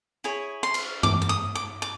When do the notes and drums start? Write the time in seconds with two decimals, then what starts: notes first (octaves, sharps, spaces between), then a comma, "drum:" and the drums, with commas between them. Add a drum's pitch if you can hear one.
0.24 E4 G#4 C#5
0.63 C6
0.74 drum: cymbal
1.03 D6, drum: tom G2
1.22 D6
1.29 D#6
1.55 D6
1.82 D6